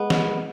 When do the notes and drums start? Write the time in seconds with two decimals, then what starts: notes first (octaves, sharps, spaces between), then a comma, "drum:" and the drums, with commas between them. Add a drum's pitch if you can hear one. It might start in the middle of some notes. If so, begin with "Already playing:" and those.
Already playing: G#3 B3
0.10 drum: snare